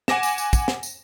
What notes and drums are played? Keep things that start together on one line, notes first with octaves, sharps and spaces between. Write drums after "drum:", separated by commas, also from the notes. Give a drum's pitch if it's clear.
F#5 G#5 D6 A#6 E7, drum: snare
drum: tambourine
drum: tambourine
drum: kick, tambourine
drum: snare
drum: tambourine